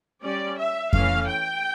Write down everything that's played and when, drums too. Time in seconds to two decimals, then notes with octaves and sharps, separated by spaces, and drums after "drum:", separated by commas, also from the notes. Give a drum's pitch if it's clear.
0.22 G3 C#4 D5
0.58 E5
0.93 E3 A3 C#4 F5, drum: kick F2
1.27 G5